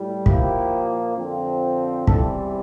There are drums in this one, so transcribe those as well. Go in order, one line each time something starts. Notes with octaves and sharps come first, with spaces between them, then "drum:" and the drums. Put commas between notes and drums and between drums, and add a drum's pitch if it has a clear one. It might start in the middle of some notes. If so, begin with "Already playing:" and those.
Already playing: A2 G3
A#2 F3 A#3 E4 G4, drum: kick
F2 D3 F3 C4
E2 C3 E3 G3 C4 F4 A4, drum: kick